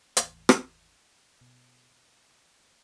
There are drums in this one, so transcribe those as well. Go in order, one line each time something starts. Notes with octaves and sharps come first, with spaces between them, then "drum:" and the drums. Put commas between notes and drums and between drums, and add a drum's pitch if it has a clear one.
G1 D#2 A2 E3, drum: hi-hat
drum: rim click
B2